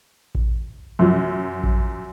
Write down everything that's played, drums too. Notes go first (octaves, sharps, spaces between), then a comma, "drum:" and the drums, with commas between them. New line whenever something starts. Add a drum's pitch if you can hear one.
drum: kick A1
F#2 F3 F#3
drum: kick A1